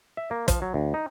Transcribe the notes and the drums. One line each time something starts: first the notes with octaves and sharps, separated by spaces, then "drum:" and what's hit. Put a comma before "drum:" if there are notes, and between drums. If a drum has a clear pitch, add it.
E5
A#3
F3, drum: kick, hi-hat
F#3
D2
D#4